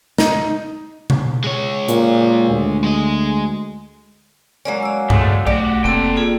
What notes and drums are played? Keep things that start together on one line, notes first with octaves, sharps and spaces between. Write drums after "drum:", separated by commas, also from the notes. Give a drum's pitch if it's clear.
D#4, drum: snare
drum: tom B2
G#3 C#5
A#2, drum: hi-hat
D2
G#3 D#5
F#3 G#3 A#3 C#4 D5
D5 E6
C#2 G#3 A3, drum: tom G2
B1 A3 F#4 G4 D5
F1 A#3 C4 A4 G5 A5
A#3 F4 G#4